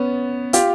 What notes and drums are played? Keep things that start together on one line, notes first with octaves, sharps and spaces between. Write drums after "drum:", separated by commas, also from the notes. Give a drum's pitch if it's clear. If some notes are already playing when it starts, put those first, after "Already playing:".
Already playing: B3 C#4
F4 G4, drum: hi-hat